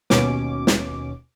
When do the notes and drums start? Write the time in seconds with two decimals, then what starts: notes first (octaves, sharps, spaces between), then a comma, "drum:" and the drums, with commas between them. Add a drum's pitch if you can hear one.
0.10 D#2 B2 C#4 D6, drum: snare
0.67 drum: snare